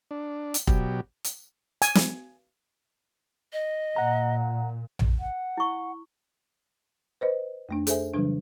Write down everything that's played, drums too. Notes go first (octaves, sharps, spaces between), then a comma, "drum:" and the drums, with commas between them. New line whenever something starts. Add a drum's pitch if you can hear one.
D4
drum: hi-hat
B2 F#3 G4, drum: kick
drum: hi-hat
G#5, drum: hi-hat
drum: snare
D#5
A#2 F#5 A#5
drum: tom A#1
F#5
E4 C#6
B4 C5 D#5
F2 A3 D4
G#4 A4 C5 E5 G#5, drum: hi-hat
C#3 E3 F#3 G3 D4